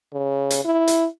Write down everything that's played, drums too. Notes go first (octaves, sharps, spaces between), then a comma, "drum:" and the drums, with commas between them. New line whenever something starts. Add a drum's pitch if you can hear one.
C#3
drum: hi-hat
E4
drum: hi-hat